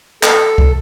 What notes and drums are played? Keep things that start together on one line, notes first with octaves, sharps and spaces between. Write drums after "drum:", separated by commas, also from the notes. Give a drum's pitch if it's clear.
A4, drum: clap
drum: kick